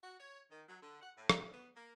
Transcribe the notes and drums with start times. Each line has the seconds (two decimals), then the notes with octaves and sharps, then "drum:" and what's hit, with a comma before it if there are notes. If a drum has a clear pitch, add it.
0.03 F#4
0.18 C#5
0.50 D#3
0.68 F#3
0.81 D3
1.01 F#5
1.17 A2
1.29 D2, drum: rim click
1.53 B3
1.76 A#3